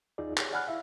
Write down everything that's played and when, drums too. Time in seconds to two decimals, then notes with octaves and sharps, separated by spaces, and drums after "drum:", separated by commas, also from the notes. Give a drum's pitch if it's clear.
0.18 D#2 D#4 F4 G#4 D5
0.38 G4 G#4 C#5, drum: clap
0.52 D5 F#5 G#5 B5 F6 F#6
0.68 E4 E5 F5